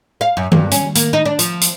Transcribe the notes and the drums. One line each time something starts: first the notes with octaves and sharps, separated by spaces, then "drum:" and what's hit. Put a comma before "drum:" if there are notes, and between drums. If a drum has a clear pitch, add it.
F5
F#2
G2, drum: tom D#3
C#4, drum: hi-hat
A#3, drum: hi-hat
D#4
D4
F3, drum: hi-hat
drum: hi-hat